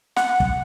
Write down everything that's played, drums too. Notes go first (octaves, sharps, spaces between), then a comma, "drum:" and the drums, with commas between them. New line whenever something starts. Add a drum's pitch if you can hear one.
F#5, drum: snare
drum: kick